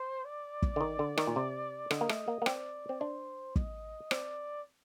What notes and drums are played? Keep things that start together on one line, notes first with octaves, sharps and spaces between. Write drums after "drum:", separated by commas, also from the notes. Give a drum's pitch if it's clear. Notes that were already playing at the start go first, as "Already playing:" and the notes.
Already playing: C5
D5
drum: kick
D3
D#3
D3
D#3, drum: rim click
A#2
C3
D3 D#5, drum: rim click
A#3
A3, drum: rim click
A#3
A#3
C4 D5, drum: rim click
C4
D4 C5
D#5, drum: kick
C4 D5, drum: rim click